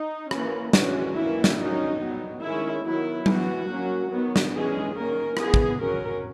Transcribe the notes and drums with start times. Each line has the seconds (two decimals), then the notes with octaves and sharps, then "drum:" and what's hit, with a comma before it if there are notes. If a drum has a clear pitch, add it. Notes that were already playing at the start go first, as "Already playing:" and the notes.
Already playing: D#4
0.31 E3 A#3 C#4, drum: rim click
0.73 E3 G#3 C#4 F#4, drum: snare
1.15 E3 A#3 C#4 E4
1.44 drum: snare
1.58 F#3 C#4 D#4
2.00 F#3 B3
2.42 D#3 G#3 C#4 E4
2.84 D#3 F#3 B3 E4
3.26 E3 B3 F#4, drum: tom F#3
3.68 F#3 A#3 C#4
4.10 D#3 F#3 B3
4.36 drum: snare
4.52 E3 G#3 C#4 G#4
4.95 D#3 A#3 C#4 A#4
5.37 E3 B3 G#4, drum: rim click
5.54 drum: kick
5.78 F#3 C#4 A#4